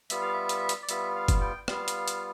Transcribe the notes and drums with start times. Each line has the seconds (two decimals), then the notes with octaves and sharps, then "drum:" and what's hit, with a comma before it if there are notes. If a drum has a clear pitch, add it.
0.10 G3 B3 F4 E5, drum: hi-hat
0.22 F5
0.33 E5
0.49 drum: hi-hat
0.69 drum: hi-hat
0.82 D5
0.89 G3 B3 F4 E5, drum: hi-hat
1.16 F5
1.28 drum: kick, hi-hat
1.41 G5
1.68 G3 B3 F4 F5, drum: rim click
1.88 drum: hi-hat
2.08 drum: hi-hat